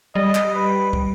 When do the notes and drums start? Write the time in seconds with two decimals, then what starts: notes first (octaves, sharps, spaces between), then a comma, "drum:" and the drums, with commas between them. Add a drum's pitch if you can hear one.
0.15 G3 D#5
0.35 drum: clap
0.54 B4
0.93 drum: kick